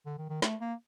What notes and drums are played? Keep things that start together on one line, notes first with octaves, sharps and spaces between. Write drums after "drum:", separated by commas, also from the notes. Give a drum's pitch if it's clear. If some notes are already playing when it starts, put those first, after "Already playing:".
D3
D#3
D#3
A3, drum: snare
A#3